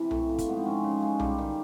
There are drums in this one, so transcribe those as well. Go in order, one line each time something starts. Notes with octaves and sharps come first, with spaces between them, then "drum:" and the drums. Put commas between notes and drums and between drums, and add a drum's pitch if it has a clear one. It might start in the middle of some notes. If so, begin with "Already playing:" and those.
Already playing: C3 E3 E4
A3, drum: tom B1
F3
drum: kick, hi-hat
G#2 B3
C4
F3 C#4
C#3
G#3
G3 D4, drum: tom B1
D#3